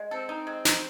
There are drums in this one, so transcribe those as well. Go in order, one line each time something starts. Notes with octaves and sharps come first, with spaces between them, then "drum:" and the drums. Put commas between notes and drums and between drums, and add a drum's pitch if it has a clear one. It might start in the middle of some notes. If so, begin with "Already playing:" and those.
Already playing: G#3
C4 A4
D#4
G#3
D#4, drum: snare